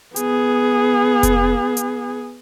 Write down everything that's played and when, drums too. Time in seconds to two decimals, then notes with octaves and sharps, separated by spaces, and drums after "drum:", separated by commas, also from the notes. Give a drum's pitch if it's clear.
0.16 B3 G#4, drum: hi-hat
1.23 drum: kick F1, hi-hat
1.77 drum: hi-hat